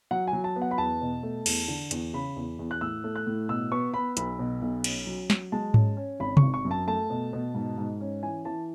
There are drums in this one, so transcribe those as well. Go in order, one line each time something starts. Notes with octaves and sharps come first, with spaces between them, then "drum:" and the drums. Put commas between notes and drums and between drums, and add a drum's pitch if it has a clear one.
F#3 F#5
G#5
F#3
A5
B3
F#5
B5
E2 A5
B2
A3
E2, drum: cymbal
D3
E2, drum: hi-hat
C#3 B5
E2
E2
F#6
A2 E6
A3
F#6
A2
B2 E6
B3 C#6
B3 B5
B1 B5, drum: hi-hat
B2
B1
C#4, drum: cymbal
F#3
F#3, drum: snare
G#3 A5
C#4, drum: tom G#2
C#4
G#1 B5
C#6, drum: tom C3
G#1
C#6
F#2
A5
A3 A5
B2
B2
G#2
G#2
C#4
E3 G#5
E3 A5